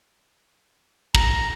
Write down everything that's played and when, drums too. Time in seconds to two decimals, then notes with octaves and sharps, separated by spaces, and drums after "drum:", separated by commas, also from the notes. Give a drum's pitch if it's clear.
1.15 A#5, drum: kick